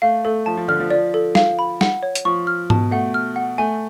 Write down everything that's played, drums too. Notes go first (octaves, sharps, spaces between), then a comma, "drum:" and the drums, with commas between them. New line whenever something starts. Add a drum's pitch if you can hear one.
A3 F5
A3 A4
F3 A5
F3
D3 F6
F3
F3 D5
A4
F5, drum: snare
B5
F#5, drum: snare
C#5
drum: hi-hat
F3 C#6
F6
B2 A5, drum: tom G#2
A3 F#5
F6
F#5
A3 G#5